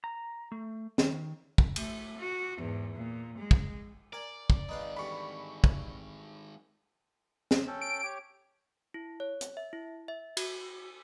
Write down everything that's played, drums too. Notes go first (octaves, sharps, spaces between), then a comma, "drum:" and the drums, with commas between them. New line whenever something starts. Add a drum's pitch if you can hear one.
A#5
A3
D#3, drum: snare
drum: kick
A3, drum: cymbal
F#4
E2 G#2
A#2
G#3
drum: kick
A#4 D5 G#5
drum: kick
D#3 G#3 D#4 B4 F5
D3 E3 G3 B5 C#6
drum: kick
drum: snare
C#4 A4 G5
D7
G4 C#5
E4
C#5
drum: hi-hat
E5
E4
E5
F#4, drum: cymbal